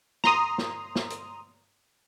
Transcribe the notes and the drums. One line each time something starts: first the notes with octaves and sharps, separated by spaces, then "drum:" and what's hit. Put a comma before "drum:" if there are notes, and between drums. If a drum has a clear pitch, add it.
A#5 C6 D#6, drum: snare
drum: snare
drum: snare
drum: hi-hat